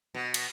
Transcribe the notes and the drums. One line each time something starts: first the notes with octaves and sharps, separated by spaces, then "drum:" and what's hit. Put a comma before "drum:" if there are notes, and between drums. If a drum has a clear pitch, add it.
B2
drum: cymbal